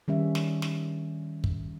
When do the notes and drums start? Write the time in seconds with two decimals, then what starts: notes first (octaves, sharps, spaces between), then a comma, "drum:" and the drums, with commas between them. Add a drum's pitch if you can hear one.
0.08 D#3 G3 C#4 E5
0.35 drum: snare
0.62 drum: snare
1.44 drum: kick